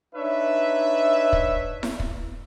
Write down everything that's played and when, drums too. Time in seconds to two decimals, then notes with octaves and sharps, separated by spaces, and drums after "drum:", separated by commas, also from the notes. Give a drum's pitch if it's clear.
0.16 D4 D#4 B4 C#5 E5
1.33 drum: kick
1.83 drum: snare E4
2.00 drum: kick